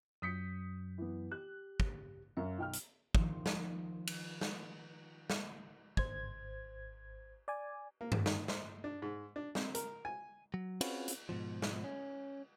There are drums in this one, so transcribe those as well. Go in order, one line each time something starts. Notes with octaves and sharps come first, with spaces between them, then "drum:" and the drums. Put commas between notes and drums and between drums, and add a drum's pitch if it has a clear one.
F#2 F#3 D#6 G6 B6 C#7
E3 B3
G4 F#6
drum: kick
F#2 F5
B1 G5 F6
drum: hi-hat
D#3 F3 C6, drum: kick
drum: snare
drum: cymbal
drum: snare
drum: snare
G#1 C5 G#6, drum: kick
D5 G#5
A#3
drum: tom G2
D#3, drum: snare
C5, drum: snare
D4
G#2
D4
C4, drum: snare
A#4, drum: hi-hat
G#5
F#3
C4 C#4 F4 F#4 G#4 B4, drum: cymbal
drum: hi-hat
G#2 B2 F3
drum: snare
C#4